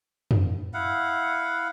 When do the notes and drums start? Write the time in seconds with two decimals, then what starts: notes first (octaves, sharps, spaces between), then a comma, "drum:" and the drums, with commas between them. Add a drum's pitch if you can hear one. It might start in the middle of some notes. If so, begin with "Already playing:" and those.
0.31 drum: tom
0.74 E4 F5 F#5